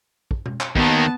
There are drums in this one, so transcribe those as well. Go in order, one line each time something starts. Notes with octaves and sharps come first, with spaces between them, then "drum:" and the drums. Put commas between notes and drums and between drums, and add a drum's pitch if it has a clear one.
drum: kick
drum: tom B2
drum: clap
D#2 D#3 B3 A5, drum: kick